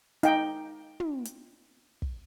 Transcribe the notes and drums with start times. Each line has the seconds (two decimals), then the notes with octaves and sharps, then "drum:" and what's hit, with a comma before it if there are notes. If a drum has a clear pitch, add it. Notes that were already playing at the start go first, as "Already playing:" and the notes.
0.23 D#4 G5, drum: hi-hat
1.00 drum: tom
1.25 drum: hi-hat
2.02 drum: kick